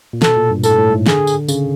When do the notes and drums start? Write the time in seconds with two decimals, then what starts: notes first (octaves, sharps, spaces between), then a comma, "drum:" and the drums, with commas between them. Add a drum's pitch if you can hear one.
0.13 A#2
0.22 B2 A4, drum: snare
0.36 A#2
0.50 G2
0.63 A2 A4, drum: tambourine
0.78 A2
0.92 G#2
1.06 D3 G#4, drum: snare
1.27 drum: tambourine
1.48 C#3, drum: tambourine